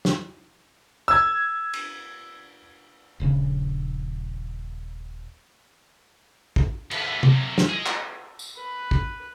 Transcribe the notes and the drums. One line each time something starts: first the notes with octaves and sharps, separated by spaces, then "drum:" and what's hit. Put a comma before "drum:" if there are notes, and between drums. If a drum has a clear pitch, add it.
drum: snare
E6 G#6
drum: cymbal
D#1 A#1 C#3 C#4
drum: kick
D#2 B4, drum: cymbal
C3 F#3, drum: tom
drum: snare
G#4 D#5
drum: clap
drum: tambourine
B4
drum: kick